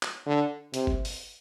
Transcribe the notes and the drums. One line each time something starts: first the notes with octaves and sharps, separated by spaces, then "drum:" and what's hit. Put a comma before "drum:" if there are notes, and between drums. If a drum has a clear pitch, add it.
drum: clap
D3
C3, drum: hi-hat
drum: kick G1
drum: open hi-hat